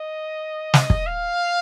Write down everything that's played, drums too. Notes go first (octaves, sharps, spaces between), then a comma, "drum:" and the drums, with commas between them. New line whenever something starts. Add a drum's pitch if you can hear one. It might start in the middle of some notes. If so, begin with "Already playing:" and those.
Already playing: D#5
drum: snare
drum: kick
F5